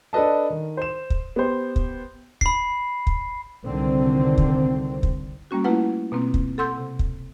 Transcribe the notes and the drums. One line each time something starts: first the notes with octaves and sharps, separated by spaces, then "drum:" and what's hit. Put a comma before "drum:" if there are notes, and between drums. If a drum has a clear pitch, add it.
D4 A4 B4 D#5 A5
D#3
C5 E7
drum: kick
B3 G4 C5
drum: kick
B5 C7, drum: kick
drum: kick
C2 D3 D#3 C4
drum: kick
drum: kick
G3 A#3 C#4 F#4
A3 A#3 E4 F4 B4 F#5
B2 A#3 C4
drum: kick
A4 F#5 C6 E6 G6
C3
drum: kick